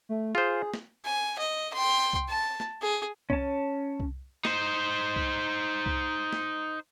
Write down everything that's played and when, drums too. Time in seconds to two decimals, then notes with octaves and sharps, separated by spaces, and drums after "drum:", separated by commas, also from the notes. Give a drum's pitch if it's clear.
0.09 A3
0.35 F4 G#4 C5
0.74 drum: snare
1.05 G#5
1.38 D#5
1.73 G5 C6
2.13 drum: kick C2
2.29 A5
2.60 drum: snare
2.82 G#4
3.30 C#4 A5, drum: kick C2
4.00 drum: kick C2
4.45 D#4 C5, drum: snare
5.16 drum: kick C2
5.86 drum: kick C2
6.33 drum: snare